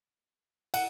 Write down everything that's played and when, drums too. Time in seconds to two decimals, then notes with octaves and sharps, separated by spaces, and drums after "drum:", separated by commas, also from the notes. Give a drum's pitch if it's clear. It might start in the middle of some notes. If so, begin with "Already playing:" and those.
0.74 F#5, drum: cymbal